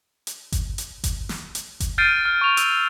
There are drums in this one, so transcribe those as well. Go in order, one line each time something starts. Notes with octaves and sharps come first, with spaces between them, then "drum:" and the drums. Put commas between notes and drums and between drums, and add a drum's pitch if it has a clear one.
drum: hi-hat
drum: kick G1, hi-hat
drum: hi-hat
drum: kick G1, hi-hat
drum: snare
drum: hi-hat
drum: kick G1, hi-hat
F6 G6 A6 C7 D7 D#7
F6
C#6 F7
E6, drum: hi-hat